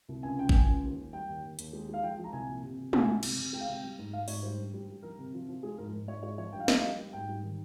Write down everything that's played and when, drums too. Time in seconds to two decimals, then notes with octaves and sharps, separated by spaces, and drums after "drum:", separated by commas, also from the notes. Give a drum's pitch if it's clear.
0.09 C2
0.23 C#2 G#5
0.39 C#3 G5
0.49 G5, drum: kick
0.53 C#2 G#5
0.68 C#2
0.83 D#2
0.98 D#2
1.13 G3 G5
1.29 D#2
1.44 D#2
1.59 D#2, drum: hi-hat
1.73 G#3
1.89 G#3 F5
2.03 F3 G5
2.18 F3
2.24 A#5
2.33 C2 G#5
2.49 A#2
2.63 C3
2.79 C3
2.93 C2 G#5, drum: tom
3.08 C2
3.23 C3, drum: cymbal
3.38 C3
3.53 G#3 G5
3.61 F5
3.68 C3 G5
3.83 G3
3.99 G#2
4.13 G#2 F5
4.28 G#2 C#5, drum: open hi-hat
4.43 G3 C5
4.58 G2
4.74 G3
4.89 G3
5.03 F3 A#4
5.19 C3
5.34 F3
5.48 F3
5.63 G#3 G#4
5.78 G#2 A#4
5.93 G#2
6.08 G#2 C#5
6.23 G#3 C#5
6.38 F3 C#5
6.52 G2 G5
6.60 F5
6.68 F3 D#5, drum: snare
6.76 F5
6.83 G3
6.99 G3
7.13 G#2 G5
7.28 G3
7.43 D#3